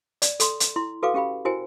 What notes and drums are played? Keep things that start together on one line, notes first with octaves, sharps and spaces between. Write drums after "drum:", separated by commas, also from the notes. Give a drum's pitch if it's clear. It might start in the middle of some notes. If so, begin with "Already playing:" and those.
D5, drum: hi-hat
A4 C6, drum: hi-hat
drum: hi-hat
E4 C6
F#4 A4 B4 F5 G5 D6
C#4 G4 F5 G5 B5
E4 F#4 A#4 C5 G5 G#5